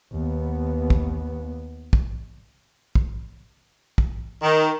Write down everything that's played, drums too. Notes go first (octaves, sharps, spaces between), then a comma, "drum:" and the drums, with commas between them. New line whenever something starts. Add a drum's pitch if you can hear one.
D#2 B3
drum: kick
drum: kick
drum: kick
drum: kick
D#3